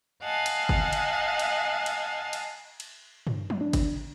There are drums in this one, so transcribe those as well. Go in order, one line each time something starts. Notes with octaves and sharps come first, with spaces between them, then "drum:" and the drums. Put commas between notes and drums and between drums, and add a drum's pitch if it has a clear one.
D#5 F5 F#5 G#5 A5
drum: cymbal
drum: kick G1
drum: cymbal
drum: cymbal
drum: cymbal
drum: cymbal
drum: cymbal
drum: tom G2
drum: tom F3
D4
drum: kick G1, cymbal